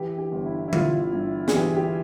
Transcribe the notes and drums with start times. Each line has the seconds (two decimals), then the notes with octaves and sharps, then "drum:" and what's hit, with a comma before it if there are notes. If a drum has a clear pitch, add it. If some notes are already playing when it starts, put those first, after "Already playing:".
Already playing: E3 G4
0.18 G4
0.32 G1
0.46 E4
0.68 E4
0.73 G1 F4, drum: tom D3
1.13 G2
1.48 G#4, drum: snare
1.54 E3 G4
1.75 G4